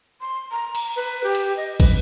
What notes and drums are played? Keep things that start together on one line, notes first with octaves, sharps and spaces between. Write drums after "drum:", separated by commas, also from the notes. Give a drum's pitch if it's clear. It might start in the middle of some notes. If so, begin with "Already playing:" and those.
C6
A#5
drum: cymbal
B4
G4
drum: cymbal
D#5
B4, drum: kick, cymbal